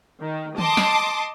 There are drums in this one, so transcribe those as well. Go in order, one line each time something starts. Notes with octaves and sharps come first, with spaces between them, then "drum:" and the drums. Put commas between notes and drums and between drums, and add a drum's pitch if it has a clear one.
D#3
D#5 A5 C6 D6 D#6, drum: tom
drum: snare